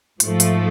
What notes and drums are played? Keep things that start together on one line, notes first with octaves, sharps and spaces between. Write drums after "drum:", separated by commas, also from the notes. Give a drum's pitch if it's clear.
G#2 F3 A3, drum: hi-hat
drum: hi-hat